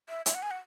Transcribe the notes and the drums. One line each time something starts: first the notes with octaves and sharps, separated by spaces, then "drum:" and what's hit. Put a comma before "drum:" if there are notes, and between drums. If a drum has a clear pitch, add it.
E5
E5, drum: hi-hat
F#5
G#5
F#5